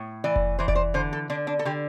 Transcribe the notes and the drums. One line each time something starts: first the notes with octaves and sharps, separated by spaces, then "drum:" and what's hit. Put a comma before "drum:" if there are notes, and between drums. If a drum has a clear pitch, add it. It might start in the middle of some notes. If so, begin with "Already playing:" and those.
Already playing: A2
E3 D5
drum: kick F1
E3 C5
D5, drum: kick F1
C5
D3 C5
A4
D3 D4
D4
A4
D3 G4